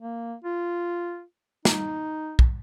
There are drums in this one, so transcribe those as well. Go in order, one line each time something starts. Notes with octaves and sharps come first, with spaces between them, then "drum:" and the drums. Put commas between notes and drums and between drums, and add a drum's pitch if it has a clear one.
A#3
F4
D#4, drum: snare
drum: kick